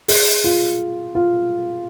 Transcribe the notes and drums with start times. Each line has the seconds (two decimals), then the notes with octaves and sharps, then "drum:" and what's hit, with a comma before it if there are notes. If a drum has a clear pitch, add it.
0.08 G#4, drum: open hi-hat
0.44 F4
1.15 F4